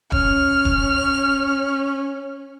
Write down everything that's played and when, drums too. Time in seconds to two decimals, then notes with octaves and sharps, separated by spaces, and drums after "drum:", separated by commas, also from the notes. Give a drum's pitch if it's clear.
0.12 C#4 F6, drum: kick E1
0.65 drum: kick E1